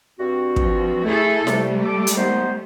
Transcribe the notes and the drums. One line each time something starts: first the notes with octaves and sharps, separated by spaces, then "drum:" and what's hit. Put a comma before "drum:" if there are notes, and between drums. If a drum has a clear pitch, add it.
G2 C4 F#4
F3, drum: kick
A3 E4 G#4 A4
C3 G3 A3, drum: snare E4
A4 D6
drum: hi-hat
D#3 B3 C5